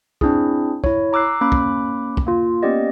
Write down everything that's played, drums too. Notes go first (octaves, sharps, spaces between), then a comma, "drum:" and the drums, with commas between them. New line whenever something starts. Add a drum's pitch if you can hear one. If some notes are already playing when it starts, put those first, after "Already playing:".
C4 D4 E4 G#4, drum: kick
E4 C#5, drum: kick
A#5 D6 E6 F#6 C7
A#3 C#4 B5 D6 F#6
drum: kick
drum: kick
A#3 F4
A#3 B3 C#4 G4 D5 D#5